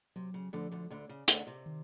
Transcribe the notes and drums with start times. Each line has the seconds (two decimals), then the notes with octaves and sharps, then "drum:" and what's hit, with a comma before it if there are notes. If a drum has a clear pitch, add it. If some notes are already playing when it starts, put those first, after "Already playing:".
0.16 C3 F#3
0.34 C#3
0.53 D2 D3 F3
0.72 D2 D3
0.90 D2 D3
1.09 C#3
1.28 D2 D3, drum: hi-hat
1.47 C3
1.66 D#3